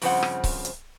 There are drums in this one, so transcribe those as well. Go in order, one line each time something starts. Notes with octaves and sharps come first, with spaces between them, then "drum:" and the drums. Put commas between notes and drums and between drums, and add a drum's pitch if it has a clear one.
G2 C#3 F3 C4 C5 F#5, drum: open hi-hat
drum: rim click
drum: kick C#1, open hi-hat
drum: hi-hat